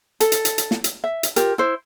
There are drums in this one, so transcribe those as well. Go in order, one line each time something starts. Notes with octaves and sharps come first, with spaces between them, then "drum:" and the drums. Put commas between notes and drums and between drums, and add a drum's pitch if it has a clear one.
A4, drum: hi-hat
drum: hi-hat
drum: hi-hat
drum: hi-hat
drum: snare
drum: hi-hat
E5
drum: hi-hat
F4 G4 A#4, drum: hi-hat
E4 C5